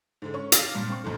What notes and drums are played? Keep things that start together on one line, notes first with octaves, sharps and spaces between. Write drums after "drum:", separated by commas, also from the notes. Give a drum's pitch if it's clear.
G#2 D3 G#3
C#4 C#6
F5 D6 F6 A6 A#6 C7, drum: hi-hat
G2 A#2
C4 C#6
B1 F2 A#2 D3